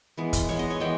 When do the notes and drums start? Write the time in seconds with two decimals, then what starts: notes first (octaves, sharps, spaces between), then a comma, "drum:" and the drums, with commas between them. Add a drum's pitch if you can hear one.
0.17 E3 G#3 B3
0.33 drum: kick, hi-hat
0.49 E3 G#3 B3 C#5
0.59 D#5
0.70 C#5
0.80 E3 G#3 B3 G5